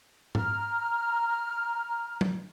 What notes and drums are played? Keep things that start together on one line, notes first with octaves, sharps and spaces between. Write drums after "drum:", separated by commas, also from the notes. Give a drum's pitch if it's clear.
A#5 F6, drum: tom G#2
drum: tom